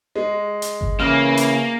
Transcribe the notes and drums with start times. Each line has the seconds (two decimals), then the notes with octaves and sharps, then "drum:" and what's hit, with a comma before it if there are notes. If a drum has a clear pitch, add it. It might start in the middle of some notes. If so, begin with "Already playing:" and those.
0.16 G#3
0.62 drum: hi-hat
0.81 drum: kick G1
1.00 C#3 E3 A#3 F6
1.37 drum: hi-hat